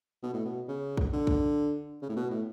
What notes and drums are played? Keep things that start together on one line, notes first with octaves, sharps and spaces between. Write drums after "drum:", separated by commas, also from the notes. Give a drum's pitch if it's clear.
B2
A2
B2
C#3
drum: kick
D3
drum: kick
C#3
A2
B2
A2